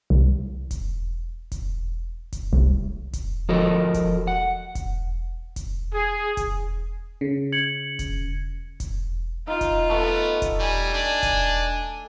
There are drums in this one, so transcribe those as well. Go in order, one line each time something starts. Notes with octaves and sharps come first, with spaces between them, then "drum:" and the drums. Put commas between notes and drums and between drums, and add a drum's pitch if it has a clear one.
C2
drum: kick E1, hi-hat
drum: kick E1, hi-hat
drum: kick E1, hi-hat
C2
drum: kick E1, hi-hat
F3 F#4 A4 A#4 D#5
drum: kick E1, hi-hat
F#5
drum: kick E1, hi-hat
drum: kick E1, hi-hat
G#4
drum: kick E1, hi-hat
C#3
G#6 C#7 F#7
drum: kick E1, hi-hat
drum: kick E1, hi-hat
D#4 F4 F5
drum: kick E1, hi-hat
A3 B3 A4 D#5
drum: kick E1, hi-hat
G3 G#5
D4
drum: kick E1, hi-hat